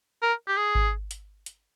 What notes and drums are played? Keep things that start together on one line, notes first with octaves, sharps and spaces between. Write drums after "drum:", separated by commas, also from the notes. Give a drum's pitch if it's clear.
A#4
G4
G#4
drum: kick G#1
drum: hi-hat
drum: hi-hat